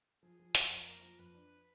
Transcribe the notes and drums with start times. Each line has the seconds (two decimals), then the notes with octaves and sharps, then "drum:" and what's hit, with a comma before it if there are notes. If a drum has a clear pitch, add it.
0.23 F3 G#4
0.39 F3
0.55 F2, drum: hi-hat
0.70 F2 A#4
0.87 A#3
1.03 F3
1.18 F2 B4
1.34 D4